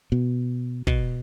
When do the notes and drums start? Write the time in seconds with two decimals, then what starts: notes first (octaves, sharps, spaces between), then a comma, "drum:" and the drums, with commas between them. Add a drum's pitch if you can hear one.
0.12 B2
0.87 B2, drum: kick